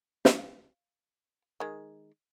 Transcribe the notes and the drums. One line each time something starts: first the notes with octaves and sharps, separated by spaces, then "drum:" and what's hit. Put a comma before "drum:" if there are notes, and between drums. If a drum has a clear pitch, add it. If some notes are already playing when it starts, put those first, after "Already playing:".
F5, drum: snare
D#3 G#3